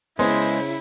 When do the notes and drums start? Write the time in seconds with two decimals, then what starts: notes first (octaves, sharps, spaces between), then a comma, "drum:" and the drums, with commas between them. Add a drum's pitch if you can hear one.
0.19 C#3 G#3 B3 E4 C5, drum: open hi-hat